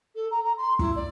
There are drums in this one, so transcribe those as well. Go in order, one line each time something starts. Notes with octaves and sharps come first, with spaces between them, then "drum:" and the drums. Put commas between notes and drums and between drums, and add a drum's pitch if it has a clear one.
A4
A#5
A#5
C6
E4, drum: kick
D5